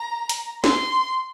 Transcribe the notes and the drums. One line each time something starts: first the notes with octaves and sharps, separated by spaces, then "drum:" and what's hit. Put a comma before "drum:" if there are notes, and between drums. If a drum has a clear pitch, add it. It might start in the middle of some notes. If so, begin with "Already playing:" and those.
Already playing: A#5
drum: hi-hat
C6, drum: snare